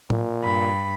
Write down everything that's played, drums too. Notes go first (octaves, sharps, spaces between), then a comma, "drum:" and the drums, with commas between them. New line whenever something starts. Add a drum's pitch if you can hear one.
A#2, drum: tom A2
G2 B5